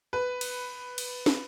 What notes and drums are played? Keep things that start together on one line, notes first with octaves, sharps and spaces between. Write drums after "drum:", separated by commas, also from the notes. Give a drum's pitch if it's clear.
B4
drum: cymbal
drum: cymbal
drum: snare